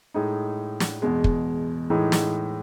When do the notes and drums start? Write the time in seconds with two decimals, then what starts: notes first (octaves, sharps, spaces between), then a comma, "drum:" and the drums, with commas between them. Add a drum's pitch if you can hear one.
0.14 A2 G#3 D#4
0.80 drum: snare
1.02 E2 B2 G#3
1.24 drum: kick
1.90 A2 E3 G#3 D#4
2.12 drum: snare